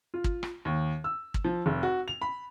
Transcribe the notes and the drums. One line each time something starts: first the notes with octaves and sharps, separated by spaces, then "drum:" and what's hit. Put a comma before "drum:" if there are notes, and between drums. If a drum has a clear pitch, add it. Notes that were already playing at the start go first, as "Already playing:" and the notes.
F4
drum: kick
drum: rim click
D#2
E6
drum: kick
F3
F1
F#4
F7
B5